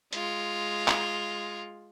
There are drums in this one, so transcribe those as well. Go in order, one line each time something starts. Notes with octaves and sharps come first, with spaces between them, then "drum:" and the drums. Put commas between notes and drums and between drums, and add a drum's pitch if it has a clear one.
G#3 F4, drum: hi-hat
drum: clap